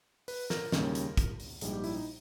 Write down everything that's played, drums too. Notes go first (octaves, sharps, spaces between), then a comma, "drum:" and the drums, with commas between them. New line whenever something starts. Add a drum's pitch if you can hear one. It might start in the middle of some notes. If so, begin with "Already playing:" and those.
B4, drum: open hi-hat
A#4, drum: snare
D#2 C#3 G3, drum: snare
drum: hi-hat
drum: kick, hi-hat
drum: open hi-hat
A#1 G#2 G3 G#4, drum: hi-hat
G4
E4, drum: open hi-hat
D#4